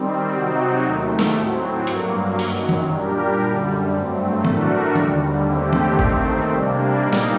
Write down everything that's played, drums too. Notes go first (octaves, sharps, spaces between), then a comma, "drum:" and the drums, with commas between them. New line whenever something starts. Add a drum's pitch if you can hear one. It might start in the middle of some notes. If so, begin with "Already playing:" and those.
Already playing: D#3 G3 C4
C3 F#3 C4 D#4 F#4
D#2 D#3 A3
drum: snare
A2 F#3 C4
G2 F#3 A#3, drum: hi-hat
F#2 D#3 F#3, drum: open hi-hat
drum: tom
A#2 G3 D4 G4 A#4
F#2 D3 G3
G2 F#3 A3 C4
A2 A3 D4 F#4 A#4, drum: tom
D#2 D3 G3, drum: tom
D#2 D3 A3 C4 G4
drum: tom
D#2 D#3 A3 C4, drum: kick G#1
C3 G3 A#3 D4
A#2 G3 A#3 D#4
drum: snare